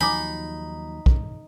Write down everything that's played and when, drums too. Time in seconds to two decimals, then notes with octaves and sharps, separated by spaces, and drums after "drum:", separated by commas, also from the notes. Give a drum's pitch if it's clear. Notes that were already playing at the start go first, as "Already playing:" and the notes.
0.01 D#2 F3 F#3 D#4 G#5 B5 D6
1.06 drum: kick